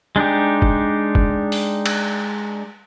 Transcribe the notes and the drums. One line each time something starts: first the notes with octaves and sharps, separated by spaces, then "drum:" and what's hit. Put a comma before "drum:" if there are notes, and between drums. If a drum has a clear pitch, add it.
G#3 D4 D#4 G4
drum: kick
drum: kick
drum: open hi-hat
drum: cymbal